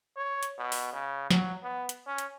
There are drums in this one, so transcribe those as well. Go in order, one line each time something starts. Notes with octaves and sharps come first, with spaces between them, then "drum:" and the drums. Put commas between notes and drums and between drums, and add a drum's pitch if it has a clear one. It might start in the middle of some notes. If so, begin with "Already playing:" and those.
C#5
drum: hi-hat
B2
drum: open hi-hat
C#3
F#3, drum: snare
B3
drum: hi-hat
C#4
drum: hi-hat